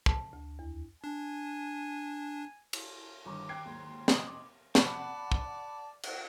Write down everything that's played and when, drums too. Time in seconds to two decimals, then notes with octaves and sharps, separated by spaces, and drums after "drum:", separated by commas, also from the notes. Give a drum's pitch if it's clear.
0.06 A5, drum: kick
0.33 D2
0.59 E2
1.04 D4 G#5
2.73 drum: cymbal
3.25 G1 D#3 D6
3.49 G5 F#6 G#6 C7 D7
3.65 D#2 G#2 F#3 C6
4.08 D#4 D#5, drum: snare
4.27 D6
4.75 D5 F#5 A5 B5, drum: snare
5.32 drum: kick
6.03 drum: cymbal